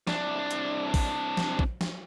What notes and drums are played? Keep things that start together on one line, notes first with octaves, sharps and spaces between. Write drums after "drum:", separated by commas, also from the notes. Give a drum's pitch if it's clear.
C2 D4, drum: snare
drum: hi-hat
drum: kick A#1, open hi-hat
drum: snare
drum: kick A#1
drum: snare